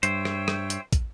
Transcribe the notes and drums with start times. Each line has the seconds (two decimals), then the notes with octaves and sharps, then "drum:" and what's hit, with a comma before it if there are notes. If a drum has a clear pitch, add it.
0.03 G2 C5 C#5 E5 G5, drum: hi-hat
0.25 drum: rim click
0.48 drum: rim click
0.70 drum: hi-hat
0.93 drum: kick, hi-hat